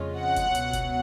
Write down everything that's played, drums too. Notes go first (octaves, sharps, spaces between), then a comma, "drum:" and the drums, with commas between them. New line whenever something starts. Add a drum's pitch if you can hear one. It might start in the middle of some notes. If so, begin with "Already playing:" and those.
Already playing: F2 C#3 G#3 C#4 F4
F#5
drum: kick, hi-hat
C#2 B2 F#3, drum: hi-hat
drum: kick, hi-hat